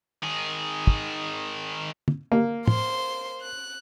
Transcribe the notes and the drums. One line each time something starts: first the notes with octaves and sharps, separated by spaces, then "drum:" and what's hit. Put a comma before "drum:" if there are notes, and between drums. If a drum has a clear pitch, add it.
D#3 G#4
drum: kick
drum: tom
A#3
C5 C6, drum: tom
F#6